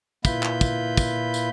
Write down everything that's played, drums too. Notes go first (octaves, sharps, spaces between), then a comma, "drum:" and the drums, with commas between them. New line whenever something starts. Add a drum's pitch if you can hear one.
A#2 E4 F4 B4 B5 G6, drum: kick, tambourine
drum: clap
drum: kick, tambourine
drum: kick, tambourine
drum: tambourine